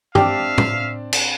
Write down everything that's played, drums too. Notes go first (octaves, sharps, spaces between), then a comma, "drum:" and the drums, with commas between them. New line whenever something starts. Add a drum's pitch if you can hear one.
C4 D4 G4 E5 F5 A5, drum: tom G2
drum: tom A2
drum: cymbal